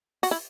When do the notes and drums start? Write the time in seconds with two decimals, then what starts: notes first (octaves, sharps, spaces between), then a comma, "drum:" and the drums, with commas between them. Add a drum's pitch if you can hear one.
0.23 F#4, drum: open hi-hat
0.31 E4